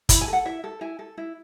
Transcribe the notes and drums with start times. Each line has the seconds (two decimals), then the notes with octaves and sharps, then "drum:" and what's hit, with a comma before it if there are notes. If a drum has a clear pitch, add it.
0.09 E4 B5, drum: kick, hi-hat
0.21 G#5
0.28 A4
0.33 F#5
0.45 E4 E5
0.64 A4
0.81 E4 G#5
0.99 A4
1.18 E4